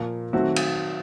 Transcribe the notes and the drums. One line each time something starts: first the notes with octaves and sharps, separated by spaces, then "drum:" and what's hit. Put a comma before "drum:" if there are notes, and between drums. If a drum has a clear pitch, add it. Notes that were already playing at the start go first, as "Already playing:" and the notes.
Already playing: A#2 F3 A#3
D#3 F#3 A3 C4 F#4
drum: cymbal